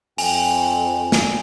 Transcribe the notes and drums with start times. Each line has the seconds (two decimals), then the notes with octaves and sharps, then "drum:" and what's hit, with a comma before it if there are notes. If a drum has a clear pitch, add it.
0.18 F2 G5 G#5 F7, drum: open hi-hat
1.12 drum: snare